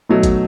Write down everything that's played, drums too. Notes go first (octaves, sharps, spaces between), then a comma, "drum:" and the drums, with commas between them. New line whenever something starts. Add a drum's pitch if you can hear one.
B2 F#3 A3 D#4
drum: kick G#1, hi-hat